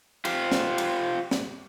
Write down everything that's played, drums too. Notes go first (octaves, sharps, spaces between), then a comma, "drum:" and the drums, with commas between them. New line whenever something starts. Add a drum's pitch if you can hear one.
F4 G4 C5, drum: cymbal
drum: snare
drum: cymbal
drum: snare